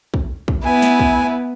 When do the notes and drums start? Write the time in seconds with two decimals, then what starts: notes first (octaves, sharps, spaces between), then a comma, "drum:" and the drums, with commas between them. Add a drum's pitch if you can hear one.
0.14 drum: kick
0.48 drum: kick
0.65 B3 E4 G#5
0.82 drum: snare
0.99 drum: kick